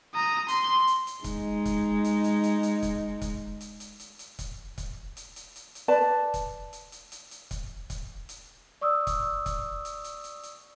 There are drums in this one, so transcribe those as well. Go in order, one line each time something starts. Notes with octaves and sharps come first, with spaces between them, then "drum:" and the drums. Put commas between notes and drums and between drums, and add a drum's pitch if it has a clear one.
A#5 D#6
C6, drum: hi-hat
drum: hi-hat
drum: hi-hat
G#3 D#4, drum: kick C#1, hi-hat
drum: kick C#1, hi-hat
drum: hi-hat
drum: hi-hat
drum: hi-hat
drum: hi-hat
drum: kick C#1, hi-hat
drum: kick C#1, hi-hat
drum: hi-hat
drum: hi-hat
drum: hi-hat
drum: hi-hat
drum: kick C#1, hi-hat
drum: kick C#1, hi-hat
drum: hi-hat
drum: hi-hat
drum: hi-hat
drum: hi-hat
B4 D5 A5
drum: kick C#1, hi-hat
drum: hi-hat
drum: hi-hat
drum: hi-hat
drum: hi-hat
drum: kick C#1, hi-hat
drum: kick C#1, hi-hat
drum: hi-hat
D5 C#6 D#6 E6
drum: kick C#1, hi-hat
drum: kick C#1, hi-hat
drum: hi-hat
drum: hi-hat
drum: hi-hat
drum: hi-hat